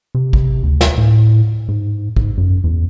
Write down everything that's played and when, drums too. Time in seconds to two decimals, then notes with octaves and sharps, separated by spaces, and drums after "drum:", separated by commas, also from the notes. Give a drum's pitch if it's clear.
0.15 C3
0.33 drum: kick A1
0.63 D2
0.81 drum: snare
0.98 A2
1.68 G#2
2.16 G#2, drum: kick A1
2.38 F#2
2.64 E2